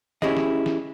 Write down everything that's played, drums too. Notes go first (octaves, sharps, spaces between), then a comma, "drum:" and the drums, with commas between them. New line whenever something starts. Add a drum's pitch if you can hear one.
C#4 E4 G4 G#4 D#5, drum: snare
drum: snare
drum: snare